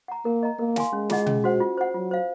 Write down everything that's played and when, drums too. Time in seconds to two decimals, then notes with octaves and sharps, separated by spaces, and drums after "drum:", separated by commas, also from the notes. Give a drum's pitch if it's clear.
0.08 F#5 A#5
0.25 A#3 A#4
0.43 D#5 A#5
0.59 A#3 A#4
0.76 F5 G#5 C6, drum: snare
0.93 G#3 C#4
1.10 F4 G#4 D#5 F#5, drum: snare
1.26 C#4, drum: tom B2
1.44 F#4 C5 F#5
1.60 F4
1.77 C5 F#5
1.94 F#3 F4
2.11 C5 F5